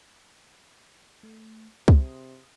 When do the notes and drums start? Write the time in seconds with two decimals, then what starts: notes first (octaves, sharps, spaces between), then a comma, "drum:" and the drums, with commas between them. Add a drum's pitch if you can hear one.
1.23 A3
1.88 C3 G#4 C6 D#6, drum: kick